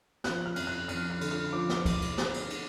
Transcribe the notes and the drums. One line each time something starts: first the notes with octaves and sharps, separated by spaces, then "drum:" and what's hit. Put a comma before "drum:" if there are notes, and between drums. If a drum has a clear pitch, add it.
F3 F#6, drum: snare
F6
F2, drum: cymbal
F#6
F2 F6, drum: cymbal
F6
D3, drum: cymbal
F6
F3 D6
drum: snare
drum: kick, cymbal
drum: cymbal
drum: snare
drum: cymbal
drum: cymbal